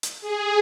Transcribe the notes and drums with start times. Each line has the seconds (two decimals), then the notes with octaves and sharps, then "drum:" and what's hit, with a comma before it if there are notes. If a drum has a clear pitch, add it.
0.03 drum: hi-hat
0.20 G#4